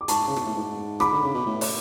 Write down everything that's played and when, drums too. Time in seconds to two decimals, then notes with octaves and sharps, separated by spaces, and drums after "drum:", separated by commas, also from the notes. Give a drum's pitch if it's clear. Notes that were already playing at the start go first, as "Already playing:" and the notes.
0.01 D6
0.08 G#2 A5 C#6, drum: hi-hat
0.28 C#3
0.36 B2, drum: rim click
0.46 A2
0.55 G#2
1.00 B5 D6, drum: rim click
1.12 D3
1.23 C#3
1.34 B2
1.46 A2
1.61 drum: open hi-hat